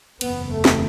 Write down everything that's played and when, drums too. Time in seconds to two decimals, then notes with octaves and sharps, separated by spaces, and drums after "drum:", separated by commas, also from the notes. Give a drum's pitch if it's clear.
0.21 F#1 E2 C#3 B3, drum: cymbal
0.51 A3
0.65 drum: snare